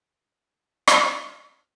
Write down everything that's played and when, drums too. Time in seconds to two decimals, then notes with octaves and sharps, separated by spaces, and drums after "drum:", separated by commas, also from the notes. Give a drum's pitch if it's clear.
0.09 D3
0.49 E3 F3
0.87 drum: rim click
1.02 C4 F4
1.51 D3 E3 F3